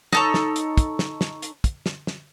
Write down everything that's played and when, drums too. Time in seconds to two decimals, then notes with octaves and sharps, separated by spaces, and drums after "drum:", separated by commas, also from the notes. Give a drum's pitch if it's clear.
0.13 D#4 A4 C#5, drum: snare
0.34 drum: snare
0.56 drum: hi-hat
0.77 drum: kick, hi-hat
0.99 drum: snare
1.21 drum: snare
1.42 drum: hi-hat
1.64 drum: kick, hi-hat
1.86 drum: snare
2.07 drum: snare